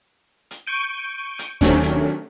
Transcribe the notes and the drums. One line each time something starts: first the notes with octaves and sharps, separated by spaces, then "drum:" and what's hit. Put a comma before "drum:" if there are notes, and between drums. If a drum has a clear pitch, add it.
drum: hi-hat
C#6 G6 D7 D#7
drum: hi-hat
C3 D#3 F#3 A3 C#4 D4, drum: kick D#2, hi-hat
drum: hi-hat